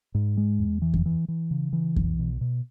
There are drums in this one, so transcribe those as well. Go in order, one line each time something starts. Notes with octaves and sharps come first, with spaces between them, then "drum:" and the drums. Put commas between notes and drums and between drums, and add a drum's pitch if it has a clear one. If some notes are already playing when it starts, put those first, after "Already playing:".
G#2
G#3
E2
E3
drum: kick F2
E3
E3
C#3
E3
B1, drum: kick F2
B2
B2